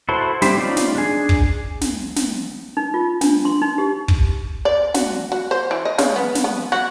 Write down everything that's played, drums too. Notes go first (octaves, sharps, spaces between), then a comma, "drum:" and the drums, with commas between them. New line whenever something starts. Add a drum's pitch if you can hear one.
E4 F#4 A4 C5 C6
G3 E4 G4 C5, drum: snare
C#4 D#4 F4 D5
drum: snare
D4 G#4
drum: kick
drum: snare
drum: snare
D#4
F4
D4, drum: snare
C6
D#4
G4
drum: kick
D5
F#4, drum: snare
F#4
C5
E3
D#5
C#3, drum: snare
B3
drum: snare
B3
F#4